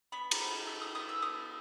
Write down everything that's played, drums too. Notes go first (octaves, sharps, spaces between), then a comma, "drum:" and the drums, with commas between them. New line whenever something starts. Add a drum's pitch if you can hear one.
B3 B5
A#5, drum: cymbal
B3
B3 E6
D#6
B3 D#6
E6
B3 D#6